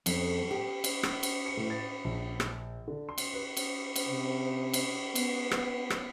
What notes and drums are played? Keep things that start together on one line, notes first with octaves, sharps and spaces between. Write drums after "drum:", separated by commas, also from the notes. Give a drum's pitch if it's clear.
F2, drum: cymbal
G4
drum: cymbal
drum: rim click
drum: cymbal
C#7
A2
A6
A#1
drum: rim click
D3
C6
drum: cymbal
B4
drum: cymbal
drum: cymbal
C3
drum: cymbal
B3, drum: cymbal
drum: rim click
drum: rim click